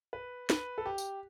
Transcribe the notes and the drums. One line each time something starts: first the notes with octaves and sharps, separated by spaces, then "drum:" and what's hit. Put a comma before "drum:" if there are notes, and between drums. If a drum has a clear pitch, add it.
B4
B4, drum: snare
A4
G4
drum: tambourine